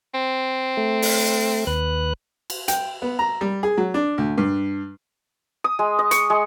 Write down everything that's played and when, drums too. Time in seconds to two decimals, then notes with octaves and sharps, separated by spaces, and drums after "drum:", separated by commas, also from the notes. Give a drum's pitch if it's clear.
0.14 C4
0.77 A3
1.02 drum: open hi-hat
1.67 D#2 B4 F#6
2.50 drum: cymbal
2.68 G5, drum: hi-hat
3.02 B3
3.19 A#5
3.41 G3
3.63 G#4
3.77 F#3
3.94 D4
4.18 D2
4.38 G2
5.64 D#6
5.79 G#3
5.99 D#5
6.11 C#6, drum: hi-hat
6.30 G#3